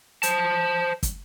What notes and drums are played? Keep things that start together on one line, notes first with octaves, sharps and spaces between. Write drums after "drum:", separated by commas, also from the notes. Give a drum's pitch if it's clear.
C5 A5, drum: hi-hat
drum: kick, hi-hat